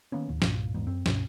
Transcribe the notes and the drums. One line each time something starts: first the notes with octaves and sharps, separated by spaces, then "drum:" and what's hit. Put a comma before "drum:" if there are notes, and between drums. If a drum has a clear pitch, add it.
D#3 A#3 B3 C#4
D1 D#2
C2 G2 A#2, drum: snare
A#1 E2 G#2
F#2 C4
C#2 G2 B2 C#4, drum: snare